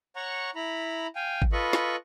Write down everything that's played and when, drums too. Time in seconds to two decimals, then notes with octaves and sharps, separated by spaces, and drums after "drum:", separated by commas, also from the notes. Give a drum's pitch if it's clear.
0.16 C#5 F#5 A#5 C#6
0.55 E4 A#5 B5
1.16 F5 G5 G#5
1.42 drum: kick G#1
1.53 F4 A4 B4 D#5 B5 C#6
1.73 drum: snare